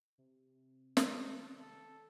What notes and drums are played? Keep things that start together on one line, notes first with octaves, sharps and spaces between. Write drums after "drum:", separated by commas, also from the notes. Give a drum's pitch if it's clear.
C3
D#3, drum: snare
A4